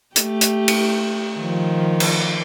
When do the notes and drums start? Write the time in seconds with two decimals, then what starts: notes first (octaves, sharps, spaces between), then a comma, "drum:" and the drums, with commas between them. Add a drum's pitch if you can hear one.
0.16 A3 G4, drum: hi-hat
0.41 drum: hi-hat
0.68 drum: cymbal
1.37 D#3 F3
2.00 drum: cymbal